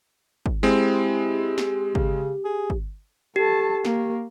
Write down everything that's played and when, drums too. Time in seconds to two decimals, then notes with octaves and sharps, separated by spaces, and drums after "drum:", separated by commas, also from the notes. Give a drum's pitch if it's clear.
0.46 drum: kick
0.63 G#3 C4 E4 G4
1.58 drum: snare
1.95 C#3, drum: kick
2.45 G#4
2.70 drum: kick
3.36 G4 A4 A5
3.85 A#3, drum: snare